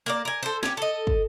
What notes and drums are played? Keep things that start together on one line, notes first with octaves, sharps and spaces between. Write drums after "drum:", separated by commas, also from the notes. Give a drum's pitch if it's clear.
A#3 A#4 D5
A#4 G#5
A4 C5
C#4 G4, drum: snare
A4 D#5
drum: kick